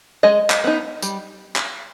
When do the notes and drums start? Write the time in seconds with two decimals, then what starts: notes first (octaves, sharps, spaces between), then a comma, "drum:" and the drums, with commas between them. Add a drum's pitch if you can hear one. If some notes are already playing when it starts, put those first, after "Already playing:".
0.23 G#3 D#5
0.50 drum: clap
0.64 B3 D#4
1.02 G3, drum: tambourine
1.56 drum: clap